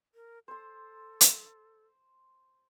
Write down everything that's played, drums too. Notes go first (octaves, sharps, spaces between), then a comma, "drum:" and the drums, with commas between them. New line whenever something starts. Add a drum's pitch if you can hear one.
A#4
A4 C5 C6
drum: hi-hat